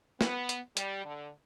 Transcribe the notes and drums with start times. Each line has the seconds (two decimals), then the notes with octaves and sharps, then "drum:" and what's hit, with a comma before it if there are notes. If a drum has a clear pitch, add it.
0.21 B3, drum: snare
0.49 drum: hi-hat
0.77 G3, drum: hi-hat
1.05 D3